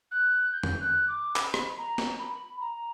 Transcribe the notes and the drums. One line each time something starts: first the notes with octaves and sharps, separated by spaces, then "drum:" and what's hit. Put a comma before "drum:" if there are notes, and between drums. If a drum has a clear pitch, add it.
F#6
G6
drum: tom
F#6
D6
B5, drum: clap
drum: rim click
A#5
drum: snare
B5
A#5